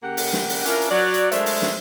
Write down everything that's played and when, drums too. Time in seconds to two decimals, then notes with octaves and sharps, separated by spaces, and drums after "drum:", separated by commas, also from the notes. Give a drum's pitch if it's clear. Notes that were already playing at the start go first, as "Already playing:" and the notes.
0.03 C#3 A#3 G4 F#5
0.17 drum: open hi-hat
0.33 drum: snare
0.49 drum: open hi-hat
0.65 C#4 D4 E4 F4 A#4, drum: hi-hat
0.82 drum: hi-hat
0.91 F#3 D5
1.14 drum: hi-hat
1.32 G#3 A3 D4 A#4 C5 E5, drum: hi-hat
1.46 drum: open hi-hat
1.62 drum: snare